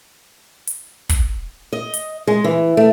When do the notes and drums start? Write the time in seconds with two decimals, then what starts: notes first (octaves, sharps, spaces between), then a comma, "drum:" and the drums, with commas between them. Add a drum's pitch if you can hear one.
0.67 drum: hi-hat
1.09 drum: kick, hi-hat
1.73 D#5
1.94 drum: hi-hat
2.27 G#3
2.44 E3
2.77 A3